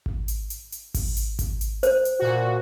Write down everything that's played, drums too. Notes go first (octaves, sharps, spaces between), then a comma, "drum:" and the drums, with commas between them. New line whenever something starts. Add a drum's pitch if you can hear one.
drum: kick G#1
drum: hi-hat
drum: hi-hat
drum: hi-hat
drum: kick G#1, open hi-hat
drum: hi-hat
drum: kick G#1, hi-hat
drum: hi-hat
C5, drum: hi-hat
drum: hi-hat
A#2 F#4